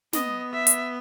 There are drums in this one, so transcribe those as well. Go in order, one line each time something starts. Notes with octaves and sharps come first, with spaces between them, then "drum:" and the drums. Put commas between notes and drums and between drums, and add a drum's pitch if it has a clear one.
B3 D#5, drum: snare
E5
drum: hi-hat